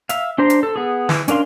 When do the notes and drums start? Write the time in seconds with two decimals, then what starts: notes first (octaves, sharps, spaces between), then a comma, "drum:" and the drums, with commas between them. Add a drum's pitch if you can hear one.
0.09 E5 F5, drum: hi-hat
0.38 D4 G4 C5 A#5 C6
0.50 drum: hi-hat
0.63 A4
0.76 B3 G#4
1.09 E3, drum: snare
1.28 C#4 D4 A#4 F5 C6, drum: hi-hat